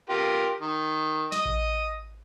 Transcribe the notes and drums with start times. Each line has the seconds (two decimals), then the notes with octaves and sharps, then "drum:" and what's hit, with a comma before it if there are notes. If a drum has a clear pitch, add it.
0.09 F4 G4 A#4
0.60 D#3
1.32 D#5 D#6, drum: snare
1.45 drum: kick A1